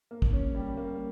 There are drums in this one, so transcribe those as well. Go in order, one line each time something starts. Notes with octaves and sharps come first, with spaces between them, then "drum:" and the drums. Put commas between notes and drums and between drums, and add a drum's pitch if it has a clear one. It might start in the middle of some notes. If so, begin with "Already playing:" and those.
A#3
drum: kick
C#4
G3
A#3